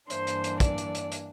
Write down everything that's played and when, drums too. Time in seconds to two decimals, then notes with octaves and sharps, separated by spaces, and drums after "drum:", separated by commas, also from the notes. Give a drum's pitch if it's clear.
0.10 G2 E3 A#3 D4 C5, drum: hi-hat
0.27 drum: hi-hat
0.44 drum: hi-hat
0.60 D5, drum: kick, hi-hat
0.78 drum: hi-hat
0.95 drum: hi-hat
1.12 drum: hi-hat